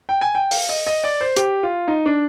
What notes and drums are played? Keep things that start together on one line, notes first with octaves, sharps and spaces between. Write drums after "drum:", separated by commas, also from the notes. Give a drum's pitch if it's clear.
G5
G#5
G5
F5, drum: open hi-hat
D#5
D#5
D5
C5
G4, drum: hi-hat
F4
D#4
D4